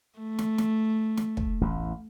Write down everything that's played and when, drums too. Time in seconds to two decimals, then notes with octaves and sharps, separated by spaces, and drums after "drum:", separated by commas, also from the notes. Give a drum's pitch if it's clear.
0.19 A3
0.39 drum: snare
0.58 drum: snare
1.17 drum: snare
1.37 drum: kick
1.61 A1 E2